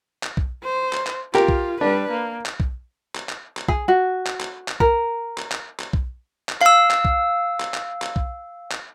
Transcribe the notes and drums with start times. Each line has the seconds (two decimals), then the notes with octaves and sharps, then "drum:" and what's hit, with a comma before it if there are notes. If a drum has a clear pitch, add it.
0.23 drum: clap
0.37 drum: kick B1
0.64 C5
0.93 drum: clap
1.07 drum: clap
1.35 F4 G4 A#4, drum: clap
1.48 drum: kick B1
1.81 G3 D4 B4
2.10 A#3
2.46 drum: clap
2.60 drum: kick B1
3.15 drum: clap
3.29 drum: clap
3.57 drum: clap
3.68 G#4, drum: kick B1
3.88 F#4
4.27 drum: clap
4.40 drum: clap
4.68 drum: clap
4.80 A#4, drum: kick B1
5.38 drum: clap
5.52 drum: clap
5.80 drum: clap
5.93 drum: kick B1
6.49 drum: clap
6.61 F5 E6, drum: clap
6.91 drum: clap
7.05 drum: kick B1
7.60 drum: clap
7.74 drum: clap
8.02 drum: clap
8.16 drum: kick B1
8.72 drum: clap